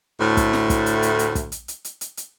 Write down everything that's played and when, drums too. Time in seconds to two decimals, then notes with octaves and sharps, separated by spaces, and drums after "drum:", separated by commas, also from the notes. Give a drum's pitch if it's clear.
0.21 D2 A2
0.37 drum: kick, hi-hat
0.53 drum: snare
0.70 drum: kick, hi-hat
0.86 drum: hi-hat
1.03 drum: hi-hat
1.19 drum: hi-hat
1.35 drum: kick, hi-hat
1.52 drum: hi-hat
1.68 drum: hi-hat
1.85 drum: hi-hat
2.01 drum: hi-hat
2.17 drum: hi-hat